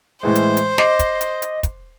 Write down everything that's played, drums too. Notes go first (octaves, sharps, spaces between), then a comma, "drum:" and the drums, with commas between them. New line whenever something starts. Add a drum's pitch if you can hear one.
A2 E3 G#3 C5
drum: hi-hat
drum: hi-hat
D#5 D6 C7, drum: snare
drum: kick, hi-hat
drum: hi-hat
drum: hi-hat
drum: kick, hi-hat